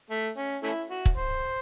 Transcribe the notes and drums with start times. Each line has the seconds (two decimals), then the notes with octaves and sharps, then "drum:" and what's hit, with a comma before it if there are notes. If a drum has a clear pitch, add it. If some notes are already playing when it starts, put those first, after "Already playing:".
0.10 A3
0.38 C#4
0.63 A3 C#4 E4
0.90 F#4
1.06 drum: kick
1.15 C5